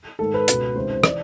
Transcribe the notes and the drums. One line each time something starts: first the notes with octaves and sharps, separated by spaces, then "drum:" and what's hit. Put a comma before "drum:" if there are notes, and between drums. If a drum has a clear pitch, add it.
G#2 D#3 A4
B4
C#2 B2, drum: hi-hat
C#2 C3 D#3 C5
C5
E3 D5, drum: rim click